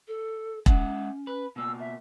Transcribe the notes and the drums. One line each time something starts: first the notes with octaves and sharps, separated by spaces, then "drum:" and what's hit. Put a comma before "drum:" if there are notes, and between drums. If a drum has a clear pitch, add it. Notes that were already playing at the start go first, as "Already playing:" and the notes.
A4
G#3 C#4 E5 F#5, drum: kick E1
B4
B2 A#3 E6
E5